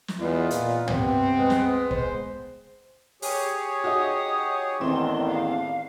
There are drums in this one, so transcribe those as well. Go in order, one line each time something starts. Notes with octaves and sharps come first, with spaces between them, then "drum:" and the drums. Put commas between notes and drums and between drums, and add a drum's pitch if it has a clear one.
drum: snare
E2 B3 D#4 F4
A#2, drum: hi-hat
C3 B3 C4, drum: tom
G#3 B3
drum: snare
C5, drum: kick
G4 G#4 C#5, drum: open hi-hat
D#4 F#4 D#6
A1 E2 D#3 C4 D4 C6
F5